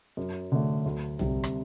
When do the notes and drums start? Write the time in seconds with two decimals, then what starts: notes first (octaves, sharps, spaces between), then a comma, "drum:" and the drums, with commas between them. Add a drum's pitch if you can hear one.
0.17 F#2
0.52 D3 A3
0.86 D2
1.19 C3 G3, drum: tom B1
1.44 drum: rim click